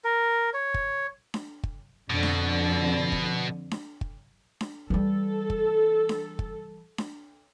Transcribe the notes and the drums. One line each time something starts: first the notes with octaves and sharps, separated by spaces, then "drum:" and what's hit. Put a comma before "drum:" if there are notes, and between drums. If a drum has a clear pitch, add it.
A#4
C#5
drum: kick
drum: snare D4
drum: kick
F2 B2 D3
drum: snare D4
drum: kick
drum: snare D4
drum: kick
drum: snare D4
E3 G3 A4
drum: kick
drum: snare D4
drum: kick
drum: snare D4